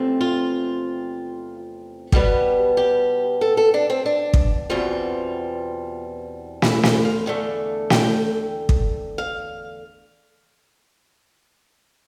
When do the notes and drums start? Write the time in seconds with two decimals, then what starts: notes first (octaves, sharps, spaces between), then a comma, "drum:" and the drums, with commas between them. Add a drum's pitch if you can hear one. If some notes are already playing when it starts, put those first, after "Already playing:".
Already playing: E2 C3 F3 A3 C4
0.21 F4
2.12 B2 G3 B3 G4, drum: kick
2.77 G4
3.41 A4
3.57 A4
3.74 D4
3.90 C4
4.06 D4
4.34 drum: kick
4.70 E2 B2 G3 C4 F4
6.62 E4, drum: snare
6.83 C5, drum: snare
7.05 F5
7.26 E2 D3 A3
7.90 G5, drum: snare
8.69 drum: kick
9.18 F5